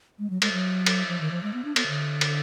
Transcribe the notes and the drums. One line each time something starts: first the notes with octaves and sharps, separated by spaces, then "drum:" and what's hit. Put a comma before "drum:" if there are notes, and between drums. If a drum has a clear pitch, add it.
G#3
F#3
G#3, drum: cymbal
F#3
drum: cymbal
F3
D#3
F3
G#3
B3
D4
B3, drum: cymbal
D3
drum: cymbal